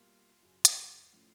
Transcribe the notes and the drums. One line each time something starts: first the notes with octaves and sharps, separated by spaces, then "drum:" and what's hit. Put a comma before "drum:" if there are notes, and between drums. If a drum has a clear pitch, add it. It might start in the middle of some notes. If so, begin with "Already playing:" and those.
Already playing: B2 G3 A#3 F4
F#2 C#3 F#3
drum: hi-hat
A2 F3 A3 C#4